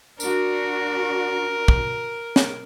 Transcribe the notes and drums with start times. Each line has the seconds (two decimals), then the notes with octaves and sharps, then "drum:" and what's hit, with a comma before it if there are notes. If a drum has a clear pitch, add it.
0.20 D4 F#4 A#4, drum: tambourine
1.68 drum: kick
2.36 drum: snare